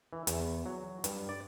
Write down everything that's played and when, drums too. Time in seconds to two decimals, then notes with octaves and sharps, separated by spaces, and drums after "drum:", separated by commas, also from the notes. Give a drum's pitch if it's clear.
0.13 E3
0.27 E2, drum: hi-hat
0.66 F#3
1.04 G2, drum: hi-hat
1.29 D5